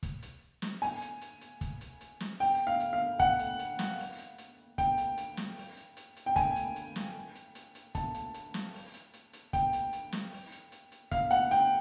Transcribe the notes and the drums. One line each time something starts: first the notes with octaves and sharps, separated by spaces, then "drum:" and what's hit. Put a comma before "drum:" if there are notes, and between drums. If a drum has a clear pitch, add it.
drum: kick, hi-hat
drum: hi-hat
drum: snare
G#5, drum: open hi-hat
drum: hi-hat
drum: hi-hat
drum: hi-hat
drum: kick, hi-hat
drum: hi-hat
drum: hi-hat
drum: snare
G5, drum: open hi-hat
F5
drum: hi-hat
F5
F#5, drum: kick, hi-hat
drum: hi-hat
drum: hi-hat
drum: snare
drum: open hi-hat
drum: hi-hat
drum: hi-hat
G5, drum: kick, hi-hat
drum: hi-hat
drum: hi-hat
drum: snare
drum: open hi-hat
drum: hi-hat
drum: hi-hat
drum: hi-hat
G5
G#5, drum: kick, hi-hat
drum: hi-hat
drum: hi-hat
drum: snare
drum: hi-hat
drum: hi-hat
drum: hi-hat
A5, drum: kick, hi-hat
drum: hi-hat
drum: hi-hat
drum: snare
drum: open hi-hat
drum: hi-hat
drum: hi-hat
drum: hi-hat
G5, drum: kick, hi-hat
drum: hi-hat
drum: hi-hat
drum: snare
drum: open hi-hat
drum: hi-hat
drum: hi-hat
drum: hi-hat
F5, drum: kick, hi-hat
F#5, drum: hi-hat
G5, drum: hi-hat